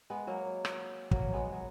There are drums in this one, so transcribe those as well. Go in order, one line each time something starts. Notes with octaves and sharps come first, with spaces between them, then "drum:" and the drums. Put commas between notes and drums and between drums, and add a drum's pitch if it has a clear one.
G#3 B3
F#3 A#3
drum: rim click
F#3 A#3, drum: kick
G#3 B3
F#3